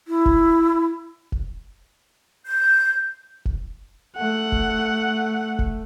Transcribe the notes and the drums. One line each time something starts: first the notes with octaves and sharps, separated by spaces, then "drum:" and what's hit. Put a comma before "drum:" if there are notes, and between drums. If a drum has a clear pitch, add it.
E4
drum: kick F1
drum: kick F1
G6
drum: kick F1
A3 F#5
drum: kick F1
drum: kick F1